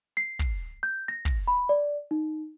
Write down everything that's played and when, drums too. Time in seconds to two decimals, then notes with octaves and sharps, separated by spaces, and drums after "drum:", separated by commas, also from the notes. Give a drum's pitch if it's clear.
0.17 C7
0.39 drum: kick
0.83 G6
1.08 A#6
1.25 drum: kick
1.48 B5
1.69 D5
2.11 D#4